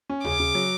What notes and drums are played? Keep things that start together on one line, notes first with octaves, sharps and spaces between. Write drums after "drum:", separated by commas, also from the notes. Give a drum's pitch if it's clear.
C#4
C#3 D6, drum: tom D#2
C#3
F#3